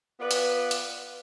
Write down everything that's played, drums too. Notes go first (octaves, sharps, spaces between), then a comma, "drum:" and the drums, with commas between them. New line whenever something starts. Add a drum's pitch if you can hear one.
B3 F4 B4 D5
drum: hi-hat
drum: hi-hat